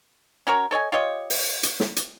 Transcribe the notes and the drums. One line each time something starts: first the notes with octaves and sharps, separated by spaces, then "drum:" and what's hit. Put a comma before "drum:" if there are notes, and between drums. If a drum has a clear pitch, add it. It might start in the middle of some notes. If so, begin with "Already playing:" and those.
C#4 F#4 A#4 C#5
A4 C#5 D#5 G#5
F4 G4 C#5 D#5
drum: open hi-hat
drum: hi-hat
drum: snare
drum: hi-hat